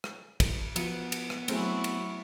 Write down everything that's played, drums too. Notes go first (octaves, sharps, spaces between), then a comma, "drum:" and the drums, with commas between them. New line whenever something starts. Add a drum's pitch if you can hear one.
drum: rim click
drum: kick, cymbal
F3 B3, drum: cymbal
drum: cymbal
drum: rim click
F#3 A3 C4 E4 F#4 G#4, drum: cymbal
drum: cymbal